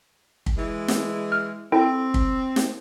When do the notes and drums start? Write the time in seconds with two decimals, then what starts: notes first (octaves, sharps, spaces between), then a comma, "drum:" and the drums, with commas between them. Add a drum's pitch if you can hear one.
0.46 drum: kick
0.56 E3 G#3
0.88 drum: snare
1.32 F6
1.72 C4 E4 A4 G5
2.14 drum: kick
2.56 drum: snare